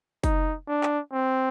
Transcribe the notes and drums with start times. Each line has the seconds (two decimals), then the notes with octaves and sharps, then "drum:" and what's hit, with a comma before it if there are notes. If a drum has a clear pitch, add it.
0.24 D#4, drum: kick, hi-hat
0.68 D4
0.83 drum: clap
1.13 C4